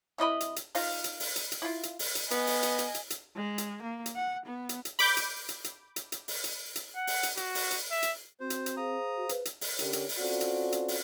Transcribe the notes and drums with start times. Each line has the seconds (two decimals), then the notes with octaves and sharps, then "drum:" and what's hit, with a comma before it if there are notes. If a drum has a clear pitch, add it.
0.18 C3 E4 D#5 B5
0.40 drum: hi-hat
0.56 drum: hi-hat
0.75 D#4 F4 F5, drum: open hi-hat
1.04 drum: hi-hat
1.20 drum: open hi-hat
1.36 drum: hi-hat
1.52 drum: hi-hat
1.62 E4 F4
1.83 drum: hi-hat
1.99 drum: open hi-hat
2.15 drum: hi-hat
2.31 B3 D#5 G#5, drum: hi-hat
2.47 drum: open hi-hat
2.63 drum: hi-hat
2.79 drum: hi-hat
2.95 drum: hi-hat
3.10 drum: hi-hat
3.36 G#3
3.58 drum: hi-hat
3.83 A#3
4.06 drum: hi-hat
4.15 F#5
4.46 B3
4.69 drum: hi-hat
4.85 drum: hi-hat
4.99 B5 D6 G6, drum: open hi-hat
5.17 drum: hi-hat
5.49 drum: hi-hat
5.64 drum: hi-hat
5.96 drum: hi-hat
6.12 drum: hi-hat
6.28 drum: open hi-hat
6.44 drum: hi-hat
6.76 drum: hi-hat
6.96 F#5
7.07 drum: open hi-hat
7.23 drum: hi-hat
7.37 F#4, drum: hi-hat
7.55 drum: open hi-hat
7.71 drum: hi-hat
7.91 E5
8.03 drum: hi-hat
8.40 C4 F#4 C5
8.50 drum: hi-hat
8.66 drum: hi-hat
8.77 G#4 C5 F5 A#5 D#6
9.17 F#4
9.29 B4, drum: hi-hat
9.45 drum: hi-hat
9.61 drum: open hi-hat
9.79 D3 C#4 G4 A#4 C#5, drum: hi-hat
9.93 drum: hi-hat
10.09 drum: open hi-hat
10.18 C4 C#4 F4 F#4 A4 D5
10.41 drum: hi-hat
10.72 drum: hi-hat
10.88 drum: open hi-hat